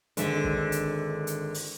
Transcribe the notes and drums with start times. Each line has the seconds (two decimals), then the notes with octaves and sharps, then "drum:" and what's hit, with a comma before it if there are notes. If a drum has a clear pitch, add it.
0.17 G#1 D3 G#3 E5, drum: hi-hat
0.44 drum: kick
0.72 drum: hi-hat
1.27 drum: hi-hat
1.54 drum: open hi-hat